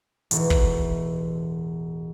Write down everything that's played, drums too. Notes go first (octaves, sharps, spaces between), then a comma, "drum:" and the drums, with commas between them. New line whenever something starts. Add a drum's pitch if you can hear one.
E1 A1 E3, drum: hi-hat
drum: kick